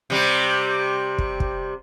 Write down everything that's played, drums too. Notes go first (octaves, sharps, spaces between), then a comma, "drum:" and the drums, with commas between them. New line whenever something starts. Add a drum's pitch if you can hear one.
C3 G3
drum: kick
drum: kick